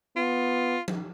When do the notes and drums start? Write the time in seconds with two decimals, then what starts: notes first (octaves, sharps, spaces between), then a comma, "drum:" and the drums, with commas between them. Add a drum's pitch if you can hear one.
0.16 B3 F4
0.88 drum: tom F3